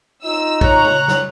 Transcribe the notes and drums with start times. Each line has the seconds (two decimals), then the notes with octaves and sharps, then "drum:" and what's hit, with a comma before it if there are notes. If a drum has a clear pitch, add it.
0.25 D#4 F4 E6
0.61 C#5 A#5 F#6, drum: kick
0.85 drum: tom C#3
1.08 drum: snare